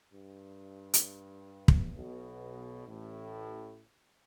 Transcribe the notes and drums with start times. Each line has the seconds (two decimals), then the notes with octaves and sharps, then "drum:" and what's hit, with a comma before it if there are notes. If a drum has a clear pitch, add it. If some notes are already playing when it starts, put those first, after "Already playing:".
0.13 G2
0.94 drum: hi-hat
1.68 drum: kick
1.95 B1 B2
2.87 A1 A2